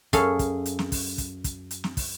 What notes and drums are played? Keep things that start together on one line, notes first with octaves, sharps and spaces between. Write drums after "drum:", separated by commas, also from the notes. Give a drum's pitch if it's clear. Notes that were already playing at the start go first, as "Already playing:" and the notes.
F#2 G#4 A4 F5, drum: kick, hi-hat
drum: kick, hi-hat
drum: hi-hat
drum: snare
drum: kick, open hi-hat
drum: kick, hi-hat
drum: kick, hi-hat
drum: hi-hat
drum: snare
drum: kick, open hi-hat